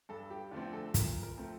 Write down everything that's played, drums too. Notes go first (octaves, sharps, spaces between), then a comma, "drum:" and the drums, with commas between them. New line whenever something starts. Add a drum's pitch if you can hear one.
G2 A4
G4
D3 F3 A3 C4 F4
A4
A#2 A#4, drum: kick, hi-hat
A#4
F3 A3 C4